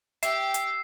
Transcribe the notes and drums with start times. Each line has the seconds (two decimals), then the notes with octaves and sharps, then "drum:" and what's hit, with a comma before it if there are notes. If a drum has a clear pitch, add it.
0.23 G4 E5 G5 E6 C7, drum: hi-hat
0.54 drum: hi-hat